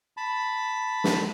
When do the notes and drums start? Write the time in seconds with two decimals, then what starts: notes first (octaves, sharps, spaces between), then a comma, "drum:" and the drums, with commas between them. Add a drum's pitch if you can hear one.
0.17 A5 B5
1.04 drum: snare